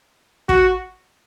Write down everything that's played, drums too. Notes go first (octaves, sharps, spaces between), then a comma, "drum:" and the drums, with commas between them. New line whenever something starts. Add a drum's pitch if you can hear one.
F#4, drum: kick